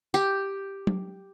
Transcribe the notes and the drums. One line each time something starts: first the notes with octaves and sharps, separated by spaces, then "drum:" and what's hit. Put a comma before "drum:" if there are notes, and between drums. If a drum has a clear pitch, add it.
G4, drum: tambourine
drum: tom F#3